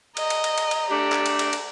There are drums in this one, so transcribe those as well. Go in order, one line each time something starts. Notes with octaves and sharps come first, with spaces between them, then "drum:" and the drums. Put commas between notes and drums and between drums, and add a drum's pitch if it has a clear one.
D#5 A#5, drum: cymbal
drum: cymbal
drum: cymbal
drum: cymbal
drum: cymbal
A3 D4 G4
drum: clap
drum: cymbal
drum: cymbal
drum: cymbal